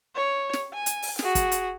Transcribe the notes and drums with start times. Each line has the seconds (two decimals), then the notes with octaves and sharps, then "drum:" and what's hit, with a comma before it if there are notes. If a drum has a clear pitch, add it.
0.16 C#5
0.53 drum: snare
0.74 G#5
0.86 drum: hi-hat
1.02 drum: open hi-hat
1.19 F#4 G#4, drum: snare
1.35 drum: kick, hi-hat
1.52 drum: hi-hat